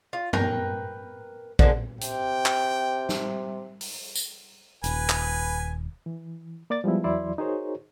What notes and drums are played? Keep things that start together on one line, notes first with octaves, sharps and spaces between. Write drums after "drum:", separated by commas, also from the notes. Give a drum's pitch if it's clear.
F4
A#4 B4 G5, drum: tom F#2
D3 F3 G#3 A#3, drum: kick
C3 G5, drum: hi-hat
drum: clap
drum: snare
drum: open hi-hat
drum: tambourine
D#1 B4 G#5, drum: hi-hat
drum: clap
E3
A#3 D5 D6 A6
F3 G3 G#3 B3 E4
E2 E3 F#3 E4 D5 C6
D#4 F#4 G#4 A#4 C5 C#5